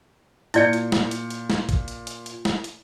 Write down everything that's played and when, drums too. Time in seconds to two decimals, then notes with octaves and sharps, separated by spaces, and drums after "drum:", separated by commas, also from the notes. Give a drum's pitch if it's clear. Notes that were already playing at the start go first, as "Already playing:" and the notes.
0.54 A#2 E4 D5 G6 C#7, drum: hi-hat
0.73 drum: hi-hat
0.92 drum: snare
1.11 drum: hi-hat
1.30 drum: hi-hat
1.50 drum: snare
1.69 drum: kick A1, hi-hat
1.88 drum: hi-hat
2.07 drum: hi-hat
2.26 drum: hi-hat
2.45 drum: snare
2.64 drum: hi-hat